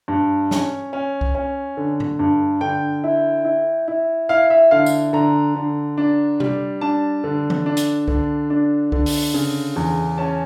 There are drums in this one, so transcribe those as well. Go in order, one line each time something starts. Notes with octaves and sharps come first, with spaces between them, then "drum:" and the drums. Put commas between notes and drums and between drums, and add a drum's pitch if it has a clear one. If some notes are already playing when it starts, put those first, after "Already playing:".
G2
C#4, drum: snare
C#4
drum: kick C2
C#4
D3
drum: tom A2
G2
D3 G5
E4
E4
E4
E4 F5
E5
D3 F5
drum: tambourine
D3 A#5
D3
D4
G3, drum: tom C3
D4 A5
D3
drum: tom E3
D4
drum: hi-hat
D3, drum: kick C2
D4
D3, drum: kick C2
drum: open hi-hat
C#3
E2
C#4 A5